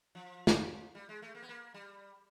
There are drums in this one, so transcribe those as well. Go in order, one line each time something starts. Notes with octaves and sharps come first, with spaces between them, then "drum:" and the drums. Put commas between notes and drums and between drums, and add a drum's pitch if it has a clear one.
F3
drum: snare
G3
G#3
A3
A#3
B3
A#3
G3